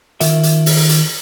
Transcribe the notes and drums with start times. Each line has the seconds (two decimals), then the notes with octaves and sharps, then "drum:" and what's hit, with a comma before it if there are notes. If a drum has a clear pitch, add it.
0.20 D#3 F4 A#4 E5, drum: hi-hat
0.43 drum: hi-hat
0.66 drum: open hi-hat
0.89 drum: hi-hat